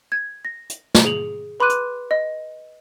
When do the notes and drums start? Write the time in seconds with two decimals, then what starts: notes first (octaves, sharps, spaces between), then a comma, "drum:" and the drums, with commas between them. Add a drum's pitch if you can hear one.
0.12 G#6
0.45 A#6
0.70 drum: hi-hat
0.95 drum: snare
1.05 G#4 F7 F#7
1.60 B4 B5 C6 D6 F#6 D#7
1.69 drum: hi-hat
2.11 D#5